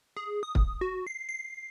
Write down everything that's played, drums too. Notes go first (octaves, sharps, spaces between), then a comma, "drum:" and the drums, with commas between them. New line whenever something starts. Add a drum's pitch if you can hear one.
G#4
D#6
drum: kick
F#4
C7
C7